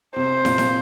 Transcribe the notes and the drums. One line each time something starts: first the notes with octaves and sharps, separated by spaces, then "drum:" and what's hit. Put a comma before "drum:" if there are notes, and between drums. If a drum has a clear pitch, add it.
C3 C5
A#2, drum: snare
drum: snare